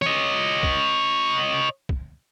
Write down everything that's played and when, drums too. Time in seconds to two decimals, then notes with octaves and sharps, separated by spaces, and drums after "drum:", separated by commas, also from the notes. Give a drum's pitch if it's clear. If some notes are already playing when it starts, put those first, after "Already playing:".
0.02 C#5 D#5, drum: snare
0.63 drum: kick
1.89 drum: kick